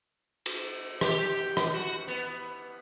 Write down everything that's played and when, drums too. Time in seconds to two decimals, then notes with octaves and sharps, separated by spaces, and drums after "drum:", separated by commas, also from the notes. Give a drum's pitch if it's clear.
0.46 drum: cymbal
1.01 G4, drum: rim click
1.57 drum: rim click
1.74 F#4
2.08 B3